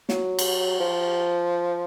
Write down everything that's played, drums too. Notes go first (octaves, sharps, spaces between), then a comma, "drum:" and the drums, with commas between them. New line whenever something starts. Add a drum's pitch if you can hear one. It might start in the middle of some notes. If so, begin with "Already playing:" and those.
F#3, drum: snare
drum: cymbal
F3